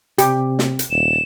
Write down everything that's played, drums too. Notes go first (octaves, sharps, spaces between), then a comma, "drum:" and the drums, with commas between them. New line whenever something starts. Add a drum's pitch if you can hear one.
C3 G4, drum: hi-hat
drum: snare
drum: hi-hat
D#1 E7